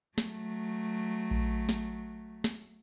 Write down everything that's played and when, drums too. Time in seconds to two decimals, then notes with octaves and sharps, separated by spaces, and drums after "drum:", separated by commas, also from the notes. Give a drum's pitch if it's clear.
0.18 F#3 A3, drum: snare
1.31 drum: kick A#1
1.69 drum: snare
2.44 drum: snare